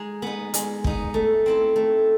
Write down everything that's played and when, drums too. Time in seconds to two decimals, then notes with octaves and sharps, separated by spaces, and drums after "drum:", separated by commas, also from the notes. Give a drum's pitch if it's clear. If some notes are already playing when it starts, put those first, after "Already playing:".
Already playing: G#3 D#4
0.22 B3 D#4
0.54 G#3, drum: hi-hat
0.84 B3 D#4, drum: kick
1.14 A3
1.46 C4 E4 A4
1.76 A3